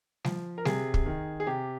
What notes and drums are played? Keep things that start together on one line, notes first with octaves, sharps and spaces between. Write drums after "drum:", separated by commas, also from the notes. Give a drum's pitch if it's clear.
F3, drum: snare G3
A#4
C3 G#4, drum: snare G3
drum: kick
D#3
G#4
C3 G4